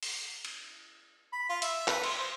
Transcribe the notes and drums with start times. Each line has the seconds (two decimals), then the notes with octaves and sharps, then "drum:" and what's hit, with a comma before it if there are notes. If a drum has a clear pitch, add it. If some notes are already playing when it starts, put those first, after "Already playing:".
0.03 drum: open hi-hat
0.45 drum: cymbal
1.33 B5
1.49 F4
1.62 E5, drum: hi-hat
1.88 B4, drum: clap
2.03 C6, drum: cymbal
2.19 C5